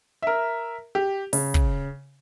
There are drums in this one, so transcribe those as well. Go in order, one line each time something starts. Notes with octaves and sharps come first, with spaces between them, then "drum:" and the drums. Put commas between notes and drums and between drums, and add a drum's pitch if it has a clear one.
A#4 E5
G4
C#3, drum: open hi-hat
drum: kick